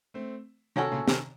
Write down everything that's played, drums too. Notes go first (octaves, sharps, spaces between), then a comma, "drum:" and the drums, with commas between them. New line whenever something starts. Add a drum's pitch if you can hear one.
A3 C4
C3 D#3 C#4 F#4 A4
A#2 C#3
C3 D#3, drum: snare